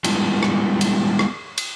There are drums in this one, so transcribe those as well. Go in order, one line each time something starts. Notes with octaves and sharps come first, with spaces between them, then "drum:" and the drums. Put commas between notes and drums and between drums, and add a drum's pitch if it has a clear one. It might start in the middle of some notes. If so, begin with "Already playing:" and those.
G3 G#3 B3 D4 E4 F4, drum: cymbal
drum: rim click
drum: cymbal
drum: rim click
drum: cymbal